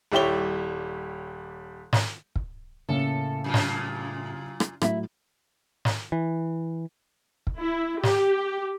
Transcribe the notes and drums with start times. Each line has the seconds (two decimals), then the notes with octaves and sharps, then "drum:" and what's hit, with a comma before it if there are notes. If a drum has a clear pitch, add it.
0.12 D#1 G3 E4 G4 C#5 G7
1.93 drum: snare
2.36 drum: kick
2.89 A2 C#3 A#3 C#4 A4
3.44 F#2 A#2 F4
3.54 drum: snare
4.60 drum: rim click
4.82 A2 F#3 E4 E5, drum: rim click
5.85 drum: snare
6.12 E3
7.47 drum: kick
7.60 E4
8.03 G4, drum: snare